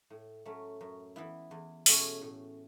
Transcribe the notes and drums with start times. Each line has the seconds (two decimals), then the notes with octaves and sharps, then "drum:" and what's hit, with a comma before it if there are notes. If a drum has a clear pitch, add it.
0.10 A2
0.45 F#3 A3 C#4
0.81 F#2
1.16 E3 B3 E4
1.51 E2
1.86 B2 A3 C#4 G#4, drum: open hi-hat
2.21 A2